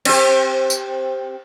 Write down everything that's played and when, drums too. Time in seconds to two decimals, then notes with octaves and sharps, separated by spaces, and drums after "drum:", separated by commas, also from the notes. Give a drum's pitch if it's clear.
0.05 C4 G4, drum: cymbal
0.70 drum: tambourine